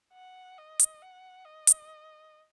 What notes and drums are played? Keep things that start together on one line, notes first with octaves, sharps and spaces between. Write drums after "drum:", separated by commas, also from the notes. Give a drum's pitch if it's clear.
F#5
D#5
drum: hi-hat
F#5
D#5
drum: hi-hat